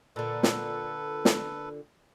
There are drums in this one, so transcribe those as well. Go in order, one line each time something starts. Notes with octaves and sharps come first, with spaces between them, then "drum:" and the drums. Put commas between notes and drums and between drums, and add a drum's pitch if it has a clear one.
A#2 D3 A4 B4
drum: snare
drum: snare